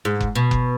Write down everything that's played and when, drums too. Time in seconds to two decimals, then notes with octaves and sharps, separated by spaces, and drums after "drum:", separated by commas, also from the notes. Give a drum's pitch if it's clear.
0.05 G#2
0.20 drum: kick F#1
0.35 B2
0.51 drum: kick F#1